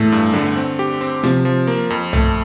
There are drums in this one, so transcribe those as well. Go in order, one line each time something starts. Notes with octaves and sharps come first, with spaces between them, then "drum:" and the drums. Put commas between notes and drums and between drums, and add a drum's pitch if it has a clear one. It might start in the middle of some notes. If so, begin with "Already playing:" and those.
Already playing: E2 A2 A3
G2
D3, drum: snare
C4
G4
C4
C3 F3, drum: hi-hat
F3
A#3
F2
A3, drum: tom B1